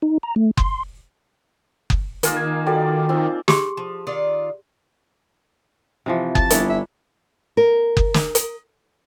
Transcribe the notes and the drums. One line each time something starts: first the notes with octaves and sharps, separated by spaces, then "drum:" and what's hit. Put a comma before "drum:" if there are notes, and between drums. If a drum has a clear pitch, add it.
D#4
A#5
A3
C6, drum: kick F#1
drum: kick F#1
D#3 A#3 F4 G#4, drum: hi-hat
G#6
F#4 A4 D5 G5
C4 D#4 F4
G4 G#4 C6, drum: snare
F3
D#3 F4 D5
C3 E3 F3
A5, drum: kick F#1
G1 D4 E4 C#5, drum: hi-hat
E5
A#4
drum: kick F#1
drum: snare
drum: hi-hat